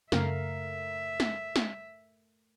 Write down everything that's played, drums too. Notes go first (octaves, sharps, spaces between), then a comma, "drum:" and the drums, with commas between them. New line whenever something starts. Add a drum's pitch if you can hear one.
F#2 C#3 A3 A#4 E5 F5, drum: snare
drum: snare
drum: snare